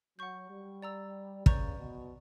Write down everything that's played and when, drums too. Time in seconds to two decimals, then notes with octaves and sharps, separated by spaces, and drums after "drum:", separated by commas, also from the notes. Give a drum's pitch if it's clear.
0.18 F#3 F#5 C#6 G6
0.50 G3
0.82 D5 A#5 E6
1.46 C#3 B4 D5 A#5 C#6 G6, drum: kick
1.78 B2